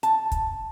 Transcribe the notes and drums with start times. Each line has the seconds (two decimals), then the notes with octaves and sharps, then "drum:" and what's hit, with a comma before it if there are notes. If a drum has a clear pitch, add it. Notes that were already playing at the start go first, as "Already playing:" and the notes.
0.03 A5, drum: hi-hat
0.32 drum: kick, hi-hat